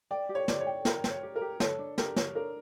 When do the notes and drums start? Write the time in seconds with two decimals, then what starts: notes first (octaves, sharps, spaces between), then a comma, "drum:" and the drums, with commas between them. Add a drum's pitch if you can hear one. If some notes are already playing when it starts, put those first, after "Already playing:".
0.11 D5 G5
0.29 G4
0.35 C#5
0.48 G4 D5, drum: snare
0.60 C#5
0.67 G5
0.85 A#4 G5, drum: snare
1.04 G5, drum: snare
1.10 C#5
1.23 G4
1.36 A#4
1.41 G4
1.60 A4 C#5, drum: snare
1.79 D4
1.98 G4 A#4, drum: snare
2.16 C#5, drum: snare
2.35 D4 A#4